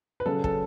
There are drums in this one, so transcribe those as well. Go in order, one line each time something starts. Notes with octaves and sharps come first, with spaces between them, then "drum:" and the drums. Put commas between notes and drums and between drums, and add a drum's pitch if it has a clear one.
B4
C#3 F#3 C#4 A4
A4, drum: kick